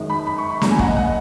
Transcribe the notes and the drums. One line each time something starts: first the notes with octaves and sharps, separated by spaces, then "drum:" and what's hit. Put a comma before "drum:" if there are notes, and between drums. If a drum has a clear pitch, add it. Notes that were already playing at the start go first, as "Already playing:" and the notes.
Already playing: F#2 D#3 G#3
B5
B5
C#6
B5
A#2 F#3 A#3 A#5, drum: snare
G#5
F#5, drum: kick
D#5
F#5